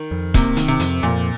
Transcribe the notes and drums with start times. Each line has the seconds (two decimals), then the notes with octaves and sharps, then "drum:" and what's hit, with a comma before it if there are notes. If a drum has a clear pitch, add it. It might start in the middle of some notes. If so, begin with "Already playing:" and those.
Already playing: D#3
0.11 F2
0.34 C3 A#3, drum: kick, hi-hat
0.57 D#3, drum: hi-hat
0.68 C3
0.80 F2, drum: hi-hat
1.03 F2 A#2